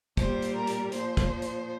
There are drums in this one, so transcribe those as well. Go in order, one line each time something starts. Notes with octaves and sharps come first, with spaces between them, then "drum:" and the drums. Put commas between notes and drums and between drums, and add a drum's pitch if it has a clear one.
A#2 G3 C5, drum: kick, hi-hat
drum: hi-hat
A#4
drum: hi-hat
A#2 F3 C5, drum: hi-hat
drum: kick, hi-hat
drum: hi-hat